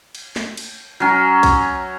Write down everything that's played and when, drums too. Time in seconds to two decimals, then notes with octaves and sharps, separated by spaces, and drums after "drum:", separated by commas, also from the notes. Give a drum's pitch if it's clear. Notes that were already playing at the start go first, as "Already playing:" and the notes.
0.15 drum: cymbal
0.36 drum: snare
0.57 drum: cymbal
1.00 F#3 C#4
1.43 drum: kick B1, cymbal